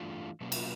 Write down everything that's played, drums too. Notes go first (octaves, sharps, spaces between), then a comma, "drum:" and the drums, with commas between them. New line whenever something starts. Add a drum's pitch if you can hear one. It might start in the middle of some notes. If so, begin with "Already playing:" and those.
Already playing: G2 E3 A3 D4 F4
B2 F#3 A#3 C#4
drum: cymbal